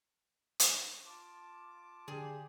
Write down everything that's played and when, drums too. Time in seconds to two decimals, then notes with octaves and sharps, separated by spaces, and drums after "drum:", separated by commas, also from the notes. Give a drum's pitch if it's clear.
0.60 drum: hi-hat
1.06 F4 A5 D6
2.08 D3 G4 G#4